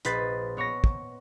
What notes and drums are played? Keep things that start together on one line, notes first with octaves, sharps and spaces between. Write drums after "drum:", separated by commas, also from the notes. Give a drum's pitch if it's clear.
A#1 B4 C5 D#5 A6 B6, drum: hi-hat
B3 C#5 C#6 A#6
drum: kick